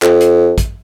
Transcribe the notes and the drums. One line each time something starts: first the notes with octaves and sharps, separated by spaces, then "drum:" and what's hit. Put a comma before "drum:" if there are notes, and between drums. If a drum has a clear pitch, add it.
F2, drum: clap
drum: hi-hat
drum: kick, hi-hat